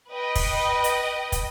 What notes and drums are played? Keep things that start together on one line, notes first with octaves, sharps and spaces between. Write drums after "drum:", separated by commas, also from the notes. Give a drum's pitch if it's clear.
B4 D#5 G5
drum: kick, open hi-hat
drum: hi-hat
drum: kick, hi-hat